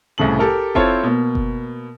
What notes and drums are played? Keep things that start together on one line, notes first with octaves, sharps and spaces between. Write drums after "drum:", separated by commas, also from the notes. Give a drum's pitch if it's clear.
C2 A2 C#3 A4 F#7
G4 A4 A#4
C4 E4 F4 A4 C5 C#5, drum: kick F#1
B2 A#3
drum: kick F#1